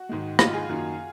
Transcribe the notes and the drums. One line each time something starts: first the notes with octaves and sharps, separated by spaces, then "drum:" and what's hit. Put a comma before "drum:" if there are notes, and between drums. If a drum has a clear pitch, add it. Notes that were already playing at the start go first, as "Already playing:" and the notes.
Already playing: F#4
G#2 D#3 G#3
G#2 D#3 G#3 F4, drum: rim click
G#4
F#2 D#3 A#3 F4